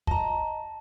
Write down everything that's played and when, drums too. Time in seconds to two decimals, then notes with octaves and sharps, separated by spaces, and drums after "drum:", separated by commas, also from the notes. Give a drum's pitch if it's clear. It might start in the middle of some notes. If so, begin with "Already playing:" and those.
0.07 D#5 A5 A#5, drum: kick